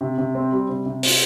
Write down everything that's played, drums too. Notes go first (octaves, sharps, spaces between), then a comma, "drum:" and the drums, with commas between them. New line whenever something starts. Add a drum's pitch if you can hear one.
C3
C3
C4
G3
C3
C3
C4, drum: open hi-hat